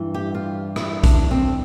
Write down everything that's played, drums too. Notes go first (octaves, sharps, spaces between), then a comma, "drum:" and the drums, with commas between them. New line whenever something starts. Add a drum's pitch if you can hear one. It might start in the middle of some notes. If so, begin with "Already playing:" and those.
Already playing: G2 E3
G4
F4
E4, drum: rim click
D4, drum: kick A#1, hi-hat
C4